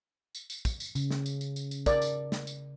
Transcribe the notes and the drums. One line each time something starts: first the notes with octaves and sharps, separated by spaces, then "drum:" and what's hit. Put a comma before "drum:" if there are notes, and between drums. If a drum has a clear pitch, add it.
drum: tambourine
drum: tambourine
drum: kick, tambourine
drum: tambourine
C#3, drum: tambourine
drum: snare
drum: tambourine
drum: tambourine
drum: tambourine
drum: tambourine
A#4 D5, drum: kick, tambourine
drum: tambourine
drum: snare
drum: tambourine